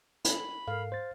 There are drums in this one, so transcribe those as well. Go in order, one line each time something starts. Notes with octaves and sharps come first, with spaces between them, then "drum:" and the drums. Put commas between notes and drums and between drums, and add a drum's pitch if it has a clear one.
B5, drum: hi-hat
G#2 A4 A#4 F5
C5 A6